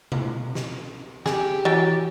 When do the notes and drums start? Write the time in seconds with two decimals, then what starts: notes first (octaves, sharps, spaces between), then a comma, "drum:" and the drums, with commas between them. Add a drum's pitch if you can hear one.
0.12 drum: tom B2
0.55 drum: snare
1.26 G4 G#4, drum: snare
1.65 E3 F#3 G#5 A6